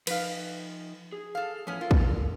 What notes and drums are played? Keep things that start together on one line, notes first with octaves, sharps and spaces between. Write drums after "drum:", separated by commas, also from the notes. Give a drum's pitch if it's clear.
F3 D#4 B4 F5, drum: cymbal
G#4
A4 F5
A2 E3 F3 B3 C#4
F4 A4 A#4
drum: kick